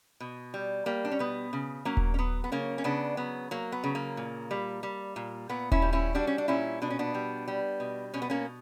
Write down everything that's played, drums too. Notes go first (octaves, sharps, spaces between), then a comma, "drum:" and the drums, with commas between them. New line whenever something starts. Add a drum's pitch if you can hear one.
B2
G3
G3 A#3
D4
C#4
B2 B3
C#3
F#3 A#3 C#4
drum: kick D#1
C#4
F#3 B3
B3
C#3 A#3 C#4
C#4
C#3 B3 D4
F#3 B3
F#3 A#3
B3
C#3
A#3
A#2
G3
G3
A#2
A#2 B3
C#4 E4, drum: kick D#1
G3
C#4 E4
G3 D4 F#4
C#4
D4
A#2 C#4 E4
B2 D4
C#4
B3 D4
G3
G3
B2
B2 C#4
B3
A#3 C#4